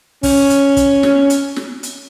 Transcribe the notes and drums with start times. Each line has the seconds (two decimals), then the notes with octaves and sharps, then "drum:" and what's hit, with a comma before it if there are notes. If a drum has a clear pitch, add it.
0.23 C#4, drum: kick, open hi-hat
0.50 drum: hi-hat
0.77 drum: kick, hi-hat
1.03 drum: snare
1.30 drum: hi-hat
1.56 drum: snare
1.83 drum: hi-hat